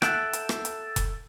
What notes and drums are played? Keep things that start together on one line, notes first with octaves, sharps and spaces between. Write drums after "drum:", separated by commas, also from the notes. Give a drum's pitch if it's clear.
A4 E5 F#5 G5, drum: rim click
drum: hi-hat
drum: rim click
drum: hi-hat
drum: kick F1, hi-hat